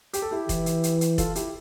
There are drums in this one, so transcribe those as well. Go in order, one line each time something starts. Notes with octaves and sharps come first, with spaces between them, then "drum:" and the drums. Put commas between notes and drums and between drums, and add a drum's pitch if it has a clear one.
G4, drum: hi-hat
A4
E4 G4
E3, drum: kick F1, hi-hat
drum: hi-hat
drum: hi-hat
drum: hi-hat
F4 A4, drum: kick F1, hi-hat
E4 G4, drum: hi-hat